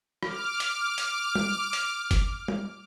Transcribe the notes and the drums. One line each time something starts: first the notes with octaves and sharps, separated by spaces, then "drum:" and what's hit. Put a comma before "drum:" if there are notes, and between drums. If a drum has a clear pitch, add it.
D6 F6, drum: rim click
drum: hi-hat
drum: hi-hat
drum: tom
drum: hi-hat
drum: kick F#1, hi-hat
drum: tom